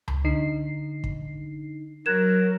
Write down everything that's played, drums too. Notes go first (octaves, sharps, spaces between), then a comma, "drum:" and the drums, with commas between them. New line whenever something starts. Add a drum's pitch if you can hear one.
drum: tom C#2
D3 D#4 C7
drum: kick
F#3 A#4 F#6 G#6 E7